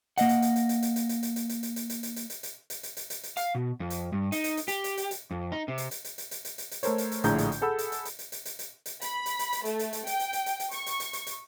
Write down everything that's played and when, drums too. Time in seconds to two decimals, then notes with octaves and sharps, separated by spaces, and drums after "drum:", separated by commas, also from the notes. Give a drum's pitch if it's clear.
0.18 A#3 D#5 F#5, drum: hi-hat
0.29 drum: hi-hat
0.42 drum: hi-hat
0.56 drum: hi-hat
0.69 drum: hi-hat
0.82 drum: hi-hat
0.96 drum: hi-hat
1.09 drum: hi-hat
1.23 drum: hi-hat
1.36 drum: hi-hat
1.49 drum: hi-hat
1.63 drum: hi-hat
1.76 drum: hi-hat
1.90 drum: hi-hat
2.03 drum: hi-hat
2.16 drum: hi-hat
2.30 drum: hi-hat
2.43 drum: hi-hat
2.70 drum: hi-hat
2.83 drum: hi-hat
2.97 drum: hi-hat
3.10 drum: hi-hat
3.23 drum: hi-hat
3.37 F5, drum: hi-hat
3.55 B2
3.80 F2
3.90 drum: hi-hat
4.12 G2
4.32 D#4, drum: hi-hat
4.44 drum: hi-hat
4.57 drum: hi-hat
4.68 G4, drum: hi-hat
4.84 drum: hi-hat
4.97 drum: hi-hat
5.11 drum: hi-hat
5.31 F2
5.52 D#4
5.68 C3
5.78 drum: hi-hat
5.91 drum: hi-hat
6.04 drum: hi-hat
6.18 drum: hi-hat
6.31 drum: hi-hat
6.45 drum: hi-hat
6.58 drum: hi-hat
6.71 drum: hi-hat
6.83 A3 A4 A#4 C5 C#5, drum: hi-hat
6.98 drum: hi-hat
7.12 drum: hi-hat
7.24 A#1 A2 D3 G#4 A#5 G6, drum: hi-hat
7.38 drum: hi-hat
7.52 drum: hi-hat
7.62 G#4 A4 F#5 B5 E6
7.79 drum: hi-hat
7.92 drum: hi-hat
8.05 drum: hi-hat
8.19 drum: hi-hat
8.32 drum: hi-hat
8.45 drum: hi-hat
8.59 drum: hi-hat
8.86 drum: hi-hat
9.01 B5, drum: hi-hat
9.26 drum: hi-hat
9.39 drum: hi-hat
9.53 drum: hi-hat
9.65 A3, drum: hi-hat
9.79 drum: hi-hat
9.93 drum: hi-hat
10.07 G5, drum: hi-hat
10.19 drum: hi-hat
10.33 drum: hi-hat
10.46 drum: hi-hat
10.60 drum: hi-hat
10.71 C#6, drum: hi-hat
10.86 drum: hi-hat
11.00 drum: hi-hat
11.13 drum: hi-hat
11.27 drum: hi-hat